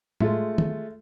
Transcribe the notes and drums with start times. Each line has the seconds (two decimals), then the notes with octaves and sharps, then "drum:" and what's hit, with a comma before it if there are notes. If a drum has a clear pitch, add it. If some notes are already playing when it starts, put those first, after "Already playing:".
0.20 G#3 A3 F4, drum: tom
0.58 drum: tom